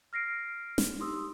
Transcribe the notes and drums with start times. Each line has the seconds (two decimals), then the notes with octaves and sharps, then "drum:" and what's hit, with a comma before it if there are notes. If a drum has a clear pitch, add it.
0.13 F6 A#6 C7 D7
0.78 drum: snare
0.99 D#4 G4 C6 D#6 E6